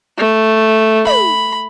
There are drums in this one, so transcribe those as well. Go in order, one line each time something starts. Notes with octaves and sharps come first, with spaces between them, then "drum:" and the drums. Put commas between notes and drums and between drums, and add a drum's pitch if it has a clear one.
A3
B5, drum: tom